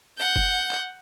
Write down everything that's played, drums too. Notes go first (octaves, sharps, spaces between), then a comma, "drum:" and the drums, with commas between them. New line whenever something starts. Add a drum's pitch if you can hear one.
F#5 G6
drum: kick F#1
drum: clap